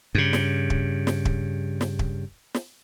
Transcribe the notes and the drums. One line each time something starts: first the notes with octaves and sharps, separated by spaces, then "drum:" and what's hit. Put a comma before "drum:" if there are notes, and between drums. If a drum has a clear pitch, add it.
G2 C#3
drum: snare
drum: kick
drum: snare
drum: kick
drum: snare
drum: kick
drum: snare